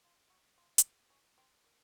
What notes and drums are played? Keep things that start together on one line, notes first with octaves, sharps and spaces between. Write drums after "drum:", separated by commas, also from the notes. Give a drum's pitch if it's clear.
F4
F#4
F4
drum: hi-hat
C#4
C4
A#3